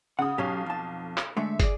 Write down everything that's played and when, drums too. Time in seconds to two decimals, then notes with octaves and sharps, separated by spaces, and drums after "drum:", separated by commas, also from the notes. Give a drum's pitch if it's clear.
0.19 C#3 F#5 D#6
0.38 B1 F#3 C#4 G4 F5
0.66 F2 A5
1.17 drum: clap
1.37 D3 G#3 A3 E5
1.60 G#4 D5, drum: kick, hi-hat